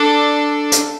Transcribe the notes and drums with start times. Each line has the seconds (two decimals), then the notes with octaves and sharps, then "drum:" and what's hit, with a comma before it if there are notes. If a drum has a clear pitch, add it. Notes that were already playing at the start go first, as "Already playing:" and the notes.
Already playing: D4 A4
0.72 drum: hi-hat